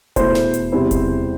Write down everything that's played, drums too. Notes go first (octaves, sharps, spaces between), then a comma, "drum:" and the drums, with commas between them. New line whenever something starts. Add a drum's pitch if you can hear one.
E2 B2 A3 E4 C5, drum: kick E1, hi-hat
drum: snare
drum: hi-hat
E2 C3 G3 C4 E4
drum: kick E1, hi-hat